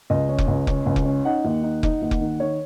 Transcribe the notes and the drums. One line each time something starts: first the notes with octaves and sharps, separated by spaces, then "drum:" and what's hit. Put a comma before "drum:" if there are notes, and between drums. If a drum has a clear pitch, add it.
C#2 D#5
C#4
drum: kick F1
C#2
C#4, drum: kick F1
C#2
drum: kick F1
C#4
D#4 F#5
D#2
D#4
D#4, drum: kick F1
D#2
drum: kick F1
D#3
D#3 C#5